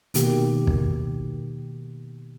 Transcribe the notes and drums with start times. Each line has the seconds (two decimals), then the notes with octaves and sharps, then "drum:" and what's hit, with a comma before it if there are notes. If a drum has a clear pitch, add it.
0.14 B2 D#3 A#3 G4, drum: hi-hat
0.67 drum: kick